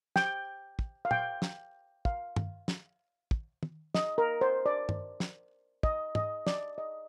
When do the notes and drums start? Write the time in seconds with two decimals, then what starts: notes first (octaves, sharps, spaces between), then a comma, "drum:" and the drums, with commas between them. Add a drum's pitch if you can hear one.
0.16 G5, drum: snare
0.79 drum: kick
1.05 F5
1.11 G5, drum: tom
1.42 drum: snare
2.05 F5, drum: kick
2.36 drum: tom G2
2.68 drum: snare
3.31 drum: kick
3.63 drum: tom
3.95 D#5, drum: snare
4.18 A#4
4.41 C5
4.66 D5
4.89 drum: tom G2
5.20 drum: snare
5.83 D#5, drum: kick
6.15 D#5, drum: tom
6.47 D5, drum: snare
6.78 D#5